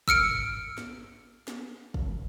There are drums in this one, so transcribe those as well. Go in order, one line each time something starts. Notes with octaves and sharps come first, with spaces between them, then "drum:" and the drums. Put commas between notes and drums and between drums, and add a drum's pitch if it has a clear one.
E6 F6 C#7 D7, drum: kick
drum: tom G2
drum: snare
drum: snare
drum: kick